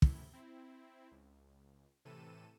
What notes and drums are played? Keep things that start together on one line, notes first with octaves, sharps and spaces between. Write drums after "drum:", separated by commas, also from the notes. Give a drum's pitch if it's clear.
F#2 A2 C3 E4, drum: kick
C4 E4
C#2
A2 C3 E3 A4 D#7 E7